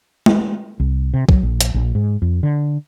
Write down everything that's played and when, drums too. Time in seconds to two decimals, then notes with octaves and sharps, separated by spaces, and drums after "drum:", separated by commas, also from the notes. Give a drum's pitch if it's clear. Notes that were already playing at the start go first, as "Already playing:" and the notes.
0.26 drum: tom G#3
0.80 C2
1.14 C3
1.29 F#3, drum: kick
1.43 A#1
1.61 drum: hi-hat
1.74 A#1
1.95 G#2
2.22 F2
2.43 D3